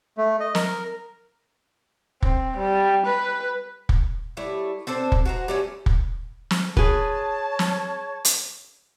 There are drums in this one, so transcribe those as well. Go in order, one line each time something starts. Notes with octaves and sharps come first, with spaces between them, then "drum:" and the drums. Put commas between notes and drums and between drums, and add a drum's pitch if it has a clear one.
A3
D#5
A#4, drum: snare
C4, drum: kick
G3
B4
drum: kick
G3 A3 E4 C#5
C4 D4 A4 C5
drum: kick
F#4 C5 A#5
G3 A3 C#4
drum: kick
drum: snare
G#4 B4 C#5 A5, drum: kick
drum: snare
drum: hi-hat